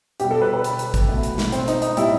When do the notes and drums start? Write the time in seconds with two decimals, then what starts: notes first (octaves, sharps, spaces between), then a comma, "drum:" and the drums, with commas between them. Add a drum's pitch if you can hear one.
0.20 B2 G3 G4, drum: hi-hat
0.31 A4
0.42 B4
0.53 B4
0.64 drum: hi-hat
0.79 drum: hi-hat
0.94 drum: kick G#1, hi-hat
1.09 B2 A3
1.23 drum: hi-hat
1.38 drum: snare
1.52 C4, drum: hi-hat
1.68 D#4, drum: hi-hat
1.82 D#4, drum: hi-hat
1.97 A2 G3 E4, drum: hi-hat